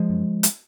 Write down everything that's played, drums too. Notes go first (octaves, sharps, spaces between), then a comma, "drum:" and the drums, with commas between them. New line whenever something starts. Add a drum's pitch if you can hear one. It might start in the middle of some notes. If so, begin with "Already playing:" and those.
Already playing: F3 G#3
F#2
drum: hi-hat